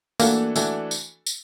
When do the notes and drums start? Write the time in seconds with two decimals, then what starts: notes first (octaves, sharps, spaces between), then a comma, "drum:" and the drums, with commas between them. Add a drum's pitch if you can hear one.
0.19 E3 A3 A#3 D4 F#4 A4, drum: tambourine
0.56 E3 A3 D4 F#4 A4, drum: tambourine
0.91 drum: tambourine
1.27 drum: tambourine